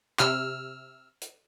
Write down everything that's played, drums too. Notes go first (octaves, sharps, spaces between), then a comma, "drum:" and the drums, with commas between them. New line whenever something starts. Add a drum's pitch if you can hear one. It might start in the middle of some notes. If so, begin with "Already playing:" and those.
C3 E6 F6, drum: clap
drum: hi-hat